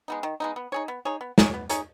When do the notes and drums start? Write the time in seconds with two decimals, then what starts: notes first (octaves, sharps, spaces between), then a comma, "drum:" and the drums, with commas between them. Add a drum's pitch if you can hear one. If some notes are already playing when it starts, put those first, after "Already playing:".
0.08 G#3 B3 D#4
0.23 D#3
0.40 G#3 B3 D#4
0.56 B3
0.72 D#4 G#4 C#5
0.88 B3
1.05 D#4 G#4 C#5
1.21 B3
1.38 D#4 G#4 C#5, drum: snare
1.54 B3
1.70 D#4 G#4 C#5, drum: hi-hat